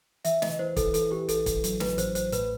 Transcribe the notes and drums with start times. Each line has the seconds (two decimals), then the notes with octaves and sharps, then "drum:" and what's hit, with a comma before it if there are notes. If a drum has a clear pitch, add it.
0.25 E3 E5, drum: hi-hat
0.42 E3 D#5, drum: snare
0.59 E3 C5
0.77 E3 A4, drum: kick, hi-hat
0.94 E3 A4, drum: hi-hat
1.11 E3 G4
1.29 A1 A4, drum: hi-hat
1.46 A1, drum: kick, hi-hat
1.64 F#3, drum: hi-hat
1.80 A1 B4, drum: snare
1.98 A1 C5, drum: hi-hat
2.15 A1 C5, drum: hi-hat
2.32 A2 B4, drum: hi-hat